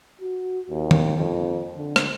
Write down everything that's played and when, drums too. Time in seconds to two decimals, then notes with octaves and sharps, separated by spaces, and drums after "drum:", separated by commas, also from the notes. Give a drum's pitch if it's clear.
0.21 F#4
0.70 D#2
0.91 drum: tom D#3
1.17 F2
1.76 D3
1.96 drum: rim click